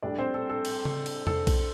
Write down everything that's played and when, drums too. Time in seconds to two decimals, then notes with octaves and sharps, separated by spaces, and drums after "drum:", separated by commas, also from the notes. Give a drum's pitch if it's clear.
0.02 A#1 A2 G3 D4 D5
0.19 C4 C5
0.34 A4
0.50 A4
0.65 drum: cymbal
0.85 drum: tom C#3
1.06 drum: cymbal
1.27 A4, drum: tom E2
1.47 drum: kick B1, cymbal